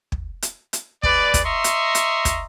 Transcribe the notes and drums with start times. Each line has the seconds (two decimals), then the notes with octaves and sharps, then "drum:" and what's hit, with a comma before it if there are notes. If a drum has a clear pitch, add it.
0.12 drum: kick
0.42 drum: hi-hat
0.73 drum: hi-hat
1.03 G#3 B4 D5, drum: kick
1.34 drum: kick, hi-hat
1.44 D#5 E5 A#5 C6 C#6
1.64 drum: hi-hat
1.95 drum: hi-hat
2.25 drum: kick, hi-hat